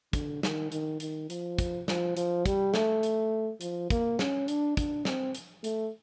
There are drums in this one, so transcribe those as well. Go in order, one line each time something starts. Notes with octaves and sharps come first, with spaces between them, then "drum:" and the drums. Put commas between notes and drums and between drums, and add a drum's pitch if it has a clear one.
D3, drum: kick, hi-hat
D#3, drum: snare
D#3, drum: hi-hat
D#3, drum: hi-hat
F3, drum: hi-hat
drum: kick, hi-hat
F3, drum: snare
F3, drum: hi-hat
G3, drum: kick, hi-hat
A3, drum: snare
drum: hi-hat
F3, drum: hi-hat
A#3, drum: kick, hi-hat
C#4, drum: snare
D4, drum: hi-hat
D4, drum: kick, hi-hat
C4, drum: snare
drum: hi-hat
A3, drum: hi-hat